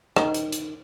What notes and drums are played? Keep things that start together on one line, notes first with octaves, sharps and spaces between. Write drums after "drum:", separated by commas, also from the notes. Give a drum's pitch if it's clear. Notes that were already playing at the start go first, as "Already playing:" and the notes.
D#3, drum: rim click
drum: hi-hat
drum: hi-hat